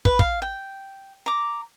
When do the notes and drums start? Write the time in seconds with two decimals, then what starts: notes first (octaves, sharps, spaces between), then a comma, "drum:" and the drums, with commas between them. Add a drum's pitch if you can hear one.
0.05 B4, drum: kick
0.19 F5, drum: kick
0.42 G5
1.26 A#5 D6